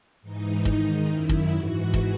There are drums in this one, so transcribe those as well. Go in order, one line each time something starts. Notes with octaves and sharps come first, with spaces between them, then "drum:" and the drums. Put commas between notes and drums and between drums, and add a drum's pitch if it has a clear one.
G#2 E3 D#4
G#2 D#3, drum: kick
F#2 D#3 E4
drum: kick
G#2 E3 F#4
drum: kick